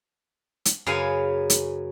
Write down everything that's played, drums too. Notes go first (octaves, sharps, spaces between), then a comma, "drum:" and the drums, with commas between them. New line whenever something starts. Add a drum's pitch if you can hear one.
drum: hi-hat
F#2 C#3 G#4 B4 F5 G#5
drum: hi-hat